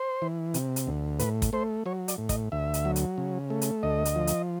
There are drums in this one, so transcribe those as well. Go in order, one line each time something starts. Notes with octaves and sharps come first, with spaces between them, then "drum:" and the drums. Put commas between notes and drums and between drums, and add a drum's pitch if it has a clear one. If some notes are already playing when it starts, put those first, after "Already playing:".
Already playing: C5
E3
C3, drum: hi-hat
drum: hi-hat
D2
A2 B4, drum: hi-hat
drum: kick, hi-hat
A3 C5
F#3 C#5
D5, drum: hi-hat
A2
D#5, drum: kick, hi-hat
D2 E5
drum: hi-hat
F#3
drum: hi-hat
C#3
A3
drum: hi-hat
D2 D#5
drum: hi-hat
F3
drum: hi-hat